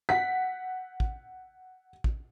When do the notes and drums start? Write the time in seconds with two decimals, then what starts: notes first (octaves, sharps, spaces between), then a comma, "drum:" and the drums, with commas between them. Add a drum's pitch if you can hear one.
0.09 F#5 B6
1.00 drum: kick A1
2.04 drum: kick A1